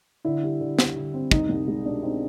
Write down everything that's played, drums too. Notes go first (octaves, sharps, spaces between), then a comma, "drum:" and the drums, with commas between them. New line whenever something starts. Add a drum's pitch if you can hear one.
D3 E4
G3
D3
G3, drum: snare
D3
C4
C2 D#4, drum: kick
C2
G#3
B2 D4
C4 D#4